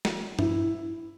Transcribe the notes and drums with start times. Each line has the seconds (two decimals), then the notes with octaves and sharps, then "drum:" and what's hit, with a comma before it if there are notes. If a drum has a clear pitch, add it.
0.05 drum: snare
0.39 E4, drum: tom G2